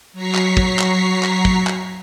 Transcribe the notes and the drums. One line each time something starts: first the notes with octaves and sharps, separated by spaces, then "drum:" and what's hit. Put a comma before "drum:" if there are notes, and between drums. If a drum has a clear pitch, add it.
F#3 A#5 C#6 B6 C7
drum: clap
drum: kick
drum: clap
drum: clap
drum: kick
drum: clap